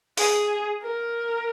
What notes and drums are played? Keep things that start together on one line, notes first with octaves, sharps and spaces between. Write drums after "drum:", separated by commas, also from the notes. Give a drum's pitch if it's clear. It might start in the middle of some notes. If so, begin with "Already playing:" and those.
G#4, drum: open hi-hat
A#4